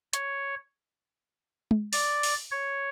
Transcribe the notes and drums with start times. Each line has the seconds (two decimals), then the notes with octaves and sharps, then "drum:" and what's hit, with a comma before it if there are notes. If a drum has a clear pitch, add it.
0.13 C#5, drum: hi-hat
1.71 drum: tom G#3
1.93 D5, drum: open hi-hat
2.23 drum: open hi-hat
2.51 C#5